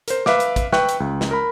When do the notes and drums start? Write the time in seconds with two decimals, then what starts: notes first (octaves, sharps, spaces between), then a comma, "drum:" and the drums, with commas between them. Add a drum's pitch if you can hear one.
0.08 A#4 C5, drum: hi-hat
0.26 B4 E5 F5 D6, drum: snare
0.40 drum: hi-hat
0.56 drum: kick, hi-hat
0.72 B4 E5 G5 C#6 F#6, drum: snare
0.89 drum: hi-hat
1.00 C#2
1.21 drum: snare
1.31 A#4 B5